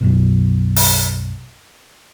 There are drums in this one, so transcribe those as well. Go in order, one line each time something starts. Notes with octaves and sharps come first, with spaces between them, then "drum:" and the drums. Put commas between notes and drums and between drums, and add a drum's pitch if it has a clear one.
B1 F#2 B2
drum: open hi-hat